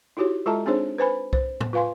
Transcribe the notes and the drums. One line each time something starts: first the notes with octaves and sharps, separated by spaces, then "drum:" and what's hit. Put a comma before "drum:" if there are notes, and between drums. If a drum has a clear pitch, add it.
D#4 E4 F#4 G4 C#5
G#3 F4 A4 E5 A5 A#5
C4 D4 D#4 G#4 C5 C#5
B4 C5 G#5 B5
C5, drum: kick C2
drum: tom A2
F4 B4 F5 G#5 C6